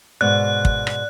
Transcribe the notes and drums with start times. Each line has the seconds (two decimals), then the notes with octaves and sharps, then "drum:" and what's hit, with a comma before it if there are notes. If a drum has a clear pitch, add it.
0.21 G#2 B2 D5 F#6
0.65 drum: kick
0.87 drum: rim click